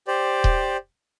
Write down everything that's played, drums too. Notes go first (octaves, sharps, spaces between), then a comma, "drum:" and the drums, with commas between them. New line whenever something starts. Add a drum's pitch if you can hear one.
G4 C5 D5
drum: kick D#1